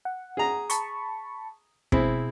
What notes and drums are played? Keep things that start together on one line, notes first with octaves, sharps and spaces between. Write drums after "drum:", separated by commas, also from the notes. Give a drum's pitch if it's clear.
F#5
G#4 A#5
A5 B5 C#6, drum: hi-hat
B2 G#3 C4 E4, drum: kick